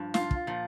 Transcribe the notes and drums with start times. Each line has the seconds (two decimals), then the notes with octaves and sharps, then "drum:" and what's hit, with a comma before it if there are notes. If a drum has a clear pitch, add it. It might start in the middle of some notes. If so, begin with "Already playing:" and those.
Already playing: G2 F3
0.14 F4, drum: snare
0.31 drum: kick
0.47 A#2 F3